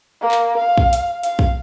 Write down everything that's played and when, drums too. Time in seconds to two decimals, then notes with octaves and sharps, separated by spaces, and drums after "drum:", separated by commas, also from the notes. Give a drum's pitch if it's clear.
0.21 A#3
0.31 drum: clap
0.57 F5
0.77 drum: kick
0.93 drum: hi-hat
1.24 F5, drum: hi-hat
1.39 drum: kick